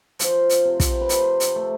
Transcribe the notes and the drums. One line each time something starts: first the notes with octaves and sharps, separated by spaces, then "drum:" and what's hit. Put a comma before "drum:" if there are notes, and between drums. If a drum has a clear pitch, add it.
F3 C5, drum: hi-hat
drum: hi-hat
C3
drum: kick, hi-hat
B4
C3 C5, drum: hi-hat
drum: hi-hat
A3